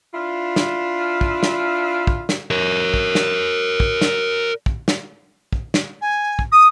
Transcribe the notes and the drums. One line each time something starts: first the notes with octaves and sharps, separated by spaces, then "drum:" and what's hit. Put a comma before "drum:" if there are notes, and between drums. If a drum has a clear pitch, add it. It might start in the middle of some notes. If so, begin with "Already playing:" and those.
D4 E4 F4
drum: snare
drum: kick
drum: snare
drum: kick
drum: snare
A#4 C#5
drum: kick
drum: snare
drum: kick
drum: snare
drum: kick
drum: snare
drum: kick
drum: snare
G#5
drum: kick
D#6